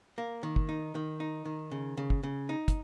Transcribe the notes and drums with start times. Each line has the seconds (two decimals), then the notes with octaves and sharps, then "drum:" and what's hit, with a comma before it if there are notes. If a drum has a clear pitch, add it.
0.18 A#3
0.43 D#3
0.56 drum: kick
0.69 D#4
0.95 D#3
1.20 D#4
1.45 D#3
1.71 C#3
1.97 C#3
2.10 drum: kick
2.23 C#3
2.49 D#4
2.68 drum: kick, hi-hat